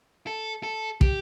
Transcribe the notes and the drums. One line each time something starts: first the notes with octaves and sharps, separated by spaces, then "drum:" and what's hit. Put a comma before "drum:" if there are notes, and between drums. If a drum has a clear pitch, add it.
A4
A4
G4, drum: kick